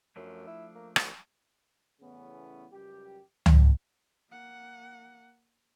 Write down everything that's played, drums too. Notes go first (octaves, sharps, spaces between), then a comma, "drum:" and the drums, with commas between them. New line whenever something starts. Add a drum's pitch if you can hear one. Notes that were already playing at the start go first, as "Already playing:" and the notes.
F#2 F3 A3 D4
E4
A#3
C2, drum: rim click
E2 A2 C#3 B3 C#4
C#2 F#2 G3 G4
drum: tom C#2
A#3 F#5